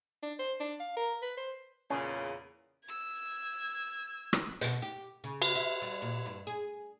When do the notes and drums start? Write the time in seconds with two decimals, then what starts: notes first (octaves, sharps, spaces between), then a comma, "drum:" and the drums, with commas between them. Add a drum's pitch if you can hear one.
0.23 D4
0.39 C5
0.60 D4
0.80 F5
0.97 A#4
1.22 B4
1.37 C5
1.90 E2 A#2 C#3 C#4
2.84 E6 G#6
4.33 drum: rim click
4.61 B2, drum: hi-hat
4.82 G4
5.24 C#3
5.42 drum: cymbal
5.55 E5
5.82 G3
6.02 A#2
6.26 G2
6.47 G#4